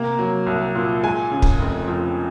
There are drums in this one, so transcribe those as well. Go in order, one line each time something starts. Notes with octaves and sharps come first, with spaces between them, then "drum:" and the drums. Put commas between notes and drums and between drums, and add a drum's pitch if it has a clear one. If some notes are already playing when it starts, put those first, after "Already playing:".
Already playing: C3 A#3 A#5
F#3
C2
A#2
G#3 G#5
C#3
drum: kick
F1
F2